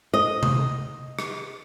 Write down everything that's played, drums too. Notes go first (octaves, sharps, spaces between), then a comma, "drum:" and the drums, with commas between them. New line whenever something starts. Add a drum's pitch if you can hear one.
D#5
drum: tom C3
drum: rim click